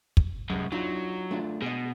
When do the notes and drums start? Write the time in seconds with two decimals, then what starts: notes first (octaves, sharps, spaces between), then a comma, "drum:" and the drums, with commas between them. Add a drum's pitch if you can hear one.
0.17 drum: kick
0.50 C2 F#2 F#3 G#3
0.72 F#3 D4 D#4 F4
1.31 A3 D4 F4
1.62 B2 G#4 D#5